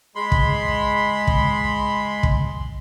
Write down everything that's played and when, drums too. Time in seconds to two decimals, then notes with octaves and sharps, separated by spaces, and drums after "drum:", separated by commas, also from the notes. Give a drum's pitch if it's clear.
0.16 G#3 B5 C6
0.32 drum: kick
1.27 drum: kick
2.23 drum: kick